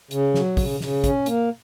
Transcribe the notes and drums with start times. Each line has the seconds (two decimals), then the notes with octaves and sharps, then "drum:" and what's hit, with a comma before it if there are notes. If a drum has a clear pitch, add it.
0.11 C#3, drum: hi-hat
0.34 F#3, drum: snare
0.57 C#3, drum: kick, open hi-hat
0.80 C#3, drum: snare
1.04 C#4, drum: kick, hi-hat
1.26 A#3, drum: hi-hat